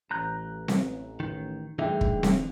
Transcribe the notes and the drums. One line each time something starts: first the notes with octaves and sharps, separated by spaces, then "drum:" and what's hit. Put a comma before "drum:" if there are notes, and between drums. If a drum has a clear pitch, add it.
A1 A#5 F#6 G6
drum: snare C4
D#3
G2 D3 E3 A3 D#4 G#4 E5 G5
drum: kick
drum: snare C4